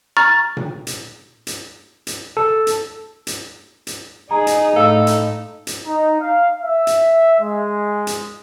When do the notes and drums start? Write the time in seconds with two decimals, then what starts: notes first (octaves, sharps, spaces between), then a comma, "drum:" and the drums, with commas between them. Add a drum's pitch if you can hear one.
0.17 A#5 C#6 F6 A6
0.57 drum: tom A#2
0.87 drum: hi-hat
1.47 drum: hi-hat
2.07 drum: hi-hat
2.37 A4
2.67 drum: hi-hat
3.27 drum: hi-hat
3.87 drum: hi-hat
4.31 D#4 G#4 A#5
4.47 drum: hi-hat
4.76 A2 A4 F5 E6
5.07 drum: hi-hat
5.67 drum: hi-hat
5.85 D#4
6.20 F5
6.63 E5
6.87 drum: hi-hat
7.41 G#3
8.07 drum: hi-hat